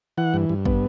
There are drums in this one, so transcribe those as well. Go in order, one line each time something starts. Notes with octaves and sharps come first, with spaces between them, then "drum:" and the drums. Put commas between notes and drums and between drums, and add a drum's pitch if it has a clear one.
E3 F#5
G2
G2
B3, drum: kick